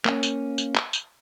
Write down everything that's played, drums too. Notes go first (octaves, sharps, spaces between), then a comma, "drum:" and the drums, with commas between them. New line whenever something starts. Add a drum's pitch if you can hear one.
A#3 C#4, drum: clap
drum: tambourine
drum: tambourine
drum: clap
drum: tambourine